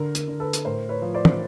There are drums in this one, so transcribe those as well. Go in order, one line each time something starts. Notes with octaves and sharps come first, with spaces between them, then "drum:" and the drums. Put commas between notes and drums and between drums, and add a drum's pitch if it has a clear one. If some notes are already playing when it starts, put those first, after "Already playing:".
Already playing: D3 A#4
A#4, drum: hi-hat
D3
A4 B4
drum: hi-hat
A2 A#4 C5
B4 C#5
F3
C5 D5
drum: tom